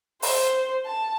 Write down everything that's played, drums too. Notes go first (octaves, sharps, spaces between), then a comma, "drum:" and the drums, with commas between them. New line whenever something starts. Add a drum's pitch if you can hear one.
C5, drum: open hi-hat
A5